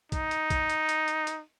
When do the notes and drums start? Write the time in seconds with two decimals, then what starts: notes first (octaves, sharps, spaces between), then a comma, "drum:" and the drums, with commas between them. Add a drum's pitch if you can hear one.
0.12 D#4, drum: kick A#1, hi-hat
0.31 drum: hi-hat
0.50 drum: kick A#1, hi-hat
0.70 drum: hi-hat
0.89 drum: hi-hat
1.08 drum: hi-hat
1.27 drum: hi-hat